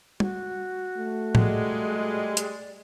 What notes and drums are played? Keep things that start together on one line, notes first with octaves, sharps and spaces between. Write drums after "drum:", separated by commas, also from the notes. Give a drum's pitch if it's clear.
F#4, drum: tom G3
A3
G3 G#3, drum: tom A2
D5, drum: hi-hat